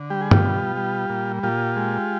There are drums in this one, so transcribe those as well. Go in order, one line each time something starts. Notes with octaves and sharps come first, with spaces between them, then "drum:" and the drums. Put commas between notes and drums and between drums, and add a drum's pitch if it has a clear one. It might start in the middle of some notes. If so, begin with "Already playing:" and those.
Already playing: D3
G3 G4
G#4
F4 G4, drum: tom
B2
G3
A#2
A#2 F4 G4
G#3